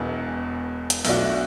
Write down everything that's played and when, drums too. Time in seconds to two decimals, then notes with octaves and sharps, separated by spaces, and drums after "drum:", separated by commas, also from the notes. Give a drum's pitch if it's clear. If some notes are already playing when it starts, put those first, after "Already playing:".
Already playing: E1 E2 B2
0.90 drum: hi-hat
1.05 B1 B2 A3 D4 F#4, drum: open hi-hat